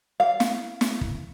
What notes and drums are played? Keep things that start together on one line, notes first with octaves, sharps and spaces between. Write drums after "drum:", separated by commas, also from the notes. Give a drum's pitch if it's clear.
F5
drum: snare
drum: snare
drum: kick